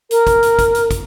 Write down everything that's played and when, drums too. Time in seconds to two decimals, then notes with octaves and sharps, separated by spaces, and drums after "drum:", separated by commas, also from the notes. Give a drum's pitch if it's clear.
0.11 A#4, drum: hi-hat
0.27 drum: kick, hi-hat
0.43 drum: hi-hat
0.59 drum: kick, hi-hat
0.75 drum: hi-hat
0.91 drum: kick, hi-hat